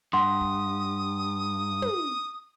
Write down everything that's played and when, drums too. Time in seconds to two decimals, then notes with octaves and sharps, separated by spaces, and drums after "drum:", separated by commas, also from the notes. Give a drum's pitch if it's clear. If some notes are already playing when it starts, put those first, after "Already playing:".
0.13 G2 F#5 C6 D#6
0.41 drum: kick
1.82 drum: tom